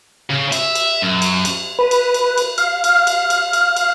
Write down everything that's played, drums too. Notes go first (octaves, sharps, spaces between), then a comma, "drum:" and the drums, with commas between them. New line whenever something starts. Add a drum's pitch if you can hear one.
C#3
E5, drum: cymbal
drum: cymbal
F#2
drum: cymbal
drum: cymbal
B4
drum: cymbal
drum: cymbal
drum: cymbal
F5, drum: cymbal
drum: cymbal
drum: cymbal
drum: cymbal
drum: cymbal
drum: cymbal